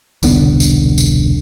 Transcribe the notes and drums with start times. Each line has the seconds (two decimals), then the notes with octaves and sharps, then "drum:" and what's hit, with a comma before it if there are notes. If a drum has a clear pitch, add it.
0.23 E1 C2 D3 B3, drum: tambourine
0.60 drum: tambourine
0.98 drum: tambourine